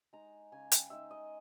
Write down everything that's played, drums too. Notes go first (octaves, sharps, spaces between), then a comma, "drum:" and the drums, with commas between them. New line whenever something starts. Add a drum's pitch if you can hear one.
G#3 D#4 A#5
C#3 G#5
G5, drum: hi-hat
G#3 D#4 E5
D#5